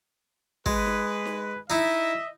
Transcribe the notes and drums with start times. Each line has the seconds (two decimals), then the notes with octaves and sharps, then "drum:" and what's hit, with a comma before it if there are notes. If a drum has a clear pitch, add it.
0.66 G#3 G#4 B4, drum: kick
0.86 drum: snare D#4
1.26 drum: snare D#4
1.70 D#4 E4 D#5 E5